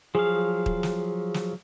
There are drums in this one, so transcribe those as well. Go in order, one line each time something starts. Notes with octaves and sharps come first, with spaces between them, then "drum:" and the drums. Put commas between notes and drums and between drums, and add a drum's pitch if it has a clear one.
F3 F#3 G#4 F5
drum: kick
drum: snare
drum: snare